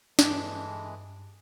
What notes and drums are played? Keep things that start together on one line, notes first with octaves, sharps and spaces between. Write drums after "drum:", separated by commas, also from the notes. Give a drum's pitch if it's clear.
G2 E3 G#3 D4 G4 A4, drum: snare